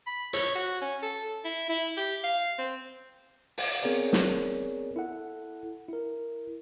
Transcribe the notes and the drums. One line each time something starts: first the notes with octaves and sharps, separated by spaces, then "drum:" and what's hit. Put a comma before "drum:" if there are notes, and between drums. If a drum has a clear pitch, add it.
B5
C#5, drum: hi-hat
F#4
C#4
A4
E4
E4
G4
F5
C4
drum: open hi-hat
B3 C4 G#4 A#4 C#5 D5
drum: snare
E4 A4 F#5
E4 A#4